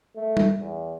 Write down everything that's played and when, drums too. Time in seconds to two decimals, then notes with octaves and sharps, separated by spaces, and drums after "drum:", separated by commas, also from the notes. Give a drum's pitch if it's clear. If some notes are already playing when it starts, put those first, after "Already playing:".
0.16 A3
0.37 drum: tom
0.60 E2